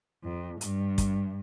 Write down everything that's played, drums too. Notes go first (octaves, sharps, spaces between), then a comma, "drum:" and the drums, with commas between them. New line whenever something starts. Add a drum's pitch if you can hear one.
F2
G2, drum: hi-hat
drum: kick, hi-hat